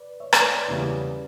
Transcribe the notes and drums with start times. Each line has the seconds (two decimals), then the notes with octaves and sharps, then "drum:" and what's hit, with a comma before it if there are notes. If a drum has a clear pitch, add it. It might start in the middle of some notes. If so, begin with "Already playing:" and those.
Already playing: B4 D5
0.20 C#5 E5
0.33 B4 D5, drum: rim click
0.44 C#5 E5
0.56 B4 D5
0.68 E2 C#3 E3 G3 C#4